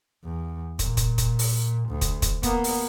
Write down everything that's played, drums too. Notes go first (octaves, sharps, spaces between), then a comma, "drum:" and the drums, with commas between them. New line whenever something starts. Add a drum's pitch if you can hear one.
E2
A#2, drum: kick, hi-hat
drum: kick, hi-hat
drum: kick, hi-hat
drum: open hi-hat
D2
drum: kick, hi-hat
drum: kick, hi-hat
A#3 B3, drum: kick, hi-hat
drum: open hi-hat